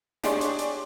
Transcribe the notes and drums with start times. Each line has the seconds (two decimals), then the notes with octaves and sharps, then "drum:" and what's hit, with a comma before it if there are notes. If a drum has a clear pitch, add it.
0.24 D4 G4 G#4 C#5 D5 C6, drum: snare
0.41 drum: hi-hat
0.59 drum: hi-hat